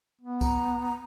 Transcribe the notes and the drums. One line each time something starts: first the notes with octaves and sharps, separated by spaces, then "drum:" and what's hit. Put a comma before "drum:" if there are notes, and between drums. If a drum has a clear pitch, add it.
B3
A#5, drum: kick C2, tambourine